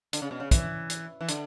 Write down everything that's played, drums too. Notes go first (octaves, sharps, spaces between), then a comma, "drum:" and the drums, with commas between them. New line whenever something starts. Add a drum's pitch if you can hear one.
D3, drum: hi-hat
C#3
B2
C#3
E3, drum: kick, hi-hat
drum: hi-hat
E3
D3, drum: hi-hat